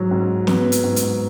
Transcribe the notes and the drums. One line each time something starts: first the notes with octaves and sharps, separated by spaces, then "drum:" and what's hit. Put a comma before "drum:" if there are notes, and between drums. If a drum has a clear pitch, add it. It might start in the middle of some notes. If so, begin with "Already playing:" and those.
Already playing: G#2 F#3
G#2
B3, drum: snare
drum: hi-hat
G#2
drum: hi-hat